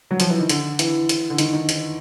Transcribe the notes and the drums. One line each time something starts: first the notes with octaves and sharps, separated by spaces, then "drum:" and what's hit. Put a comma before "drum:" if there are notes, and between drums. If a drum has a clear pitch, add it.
F#3
F3, drum: hi-hat
E3
D#3
D3, drum: hi-hat
E3, drum: hi-hat
drum: hi-hat
D3
D#3, drum: hi-hat
D#3
drum: hi-hat